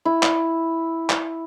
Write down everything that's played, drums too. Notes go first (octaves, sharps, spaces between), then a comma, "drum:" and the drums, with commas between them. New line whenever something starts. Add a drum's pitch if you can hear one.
E4
drum: clap
drum: clap